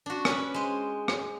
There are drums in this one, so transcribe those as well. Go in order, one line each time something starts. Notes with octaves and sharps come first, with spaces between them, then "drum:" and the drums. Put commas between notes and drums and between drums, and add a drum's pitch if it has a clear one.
D4 F#4
C#4 B4 F#5 B5, drum: rim click
G#3 C5
drum: rim click